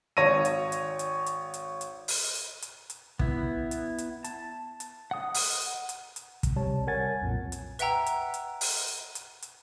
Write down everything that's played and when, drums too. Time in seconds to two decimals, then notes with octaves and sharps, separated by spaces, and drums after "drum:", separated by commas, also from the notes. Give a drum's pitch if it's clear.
0.17 G#1 C#5 A#6 D#7
0.45 drum: hi-hat
0.72 drum: hi-hat
0.99 drum: hi-hat
1.26 drum: hi-hat
1.54 drum: hi-hat
1.81 drum: hi-hat
2.08 drum: open hi-hat
2.35 drum: hi-hat
2.62 drum: hi-hat
2.90 drum: hi-hat
3.19 B3 E4, drum: kick
3.71 drum: hi-hat
3.98 drum: hi-hat
4.24 A5, drum: hi-hat
4.80 drum: hi-hat
5.11 F#5 D#6
5.34 drum: open hi-hat
5.62 drum: hi-hat
5.89 drum: hi-hat
6.16 drum: hi-hat
6.43 drum: kick, hi-hat
6.56 C3 G3 C#5 A5
6.87 A#4 C#5 F#5 G#5 G#6 A6
7.21 B1 F2 A#2
7.52 drum: hi-hat
7.79 B4 E5 F#5 G5 A#5 E6, drum: hi-hat
8.06 drum: hi-hat
8.34 drum: hi-hat
8.61 drum: open hi-hat
8.88 drum: hi-hat
9.15 drum: hi-hat
9.42 drum: hi-hat